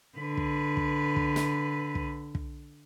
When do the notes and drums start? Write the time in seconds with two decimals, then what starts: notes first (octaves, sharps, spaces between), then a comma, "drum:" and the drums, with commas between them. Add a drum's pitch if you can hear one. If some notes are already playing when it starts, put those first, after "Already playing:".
0.18 D3 B4
0.37 drum: kick
0.77 drum: kick
1.16 drum: kick
1.36 drum: snare
1.95 drum: kick
2.35 drum: kick